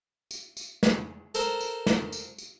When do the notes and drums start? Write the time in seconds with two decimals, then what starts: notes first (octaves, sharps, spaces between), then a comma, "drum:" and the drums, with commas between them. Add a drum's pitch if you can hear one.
0.31 drum: tambourine
0.57 drum: tambourine
0.83 drum: snare
1.35 A4 A#4 C5, drum: tambourine
1.61 drum: tambourine
1.87 drum: snare
2.12 drum: tambourine
2.38 drum: tambourine